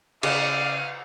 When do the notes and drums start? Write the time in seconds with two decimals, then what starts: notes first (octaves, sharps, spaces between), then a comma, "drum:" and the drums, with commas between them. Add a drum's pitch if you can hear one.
0.23 C#3 D5 F5 D#7, drum: cymbal